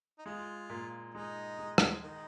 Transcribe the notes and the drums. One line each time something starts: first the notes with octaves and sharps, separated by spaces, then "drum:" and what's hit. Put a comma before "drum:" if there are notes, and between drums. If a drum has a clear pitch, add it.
D#4
G#3 F4
A#2
G#3 D#4
G#3
drum: rim click
D#3 D#4